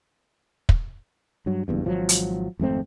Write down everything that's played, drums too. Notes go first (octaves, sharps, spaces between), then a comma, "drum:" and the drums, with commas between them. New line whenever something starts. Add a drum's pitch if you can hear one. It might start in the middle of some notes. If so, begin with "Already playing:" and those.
drum: kick
G2 F#3
F#1 E2 G2
G#1 F3 F#3
drum: hi-hat
G#1 F2 A3 C4